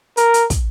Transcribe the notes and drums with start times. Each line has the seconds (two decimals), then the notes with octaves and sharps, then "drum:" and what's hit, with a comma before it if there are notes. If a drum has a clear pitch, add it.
0.17 A#4, drum: hi-hat
0.34 drum: hi-hat
0.50 drum: kick, hi-hat